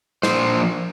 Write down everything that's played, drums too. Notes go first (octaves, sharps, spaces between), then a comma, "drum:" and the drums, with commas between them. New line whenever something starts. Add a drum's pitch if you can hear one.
A#2 F3 A#3 D4 C5, drum: snare